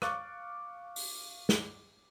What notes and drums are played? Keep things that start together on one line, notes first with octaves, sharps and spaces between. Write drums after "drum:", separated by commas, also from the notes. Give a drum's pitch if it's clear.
F5 C#6 D6 F#6 A6, drum: rim click
drum: open hi-hat
drum: snare